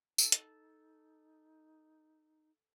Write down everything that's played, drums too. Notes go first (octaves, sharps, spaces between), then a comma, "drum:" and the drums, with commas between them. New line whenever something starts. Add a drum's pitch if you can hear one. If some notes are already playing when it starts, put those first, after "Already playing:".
D#4 A4, drum: tambourine
drum: hi-hat